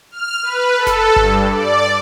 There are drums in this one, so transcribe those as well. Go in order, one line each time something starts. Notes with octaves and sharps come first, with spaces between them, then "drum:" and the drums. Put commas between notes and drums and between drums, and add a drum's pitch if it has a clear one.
F6
B4
A4
drum: snare F#1
G2, drum: kick G1
D5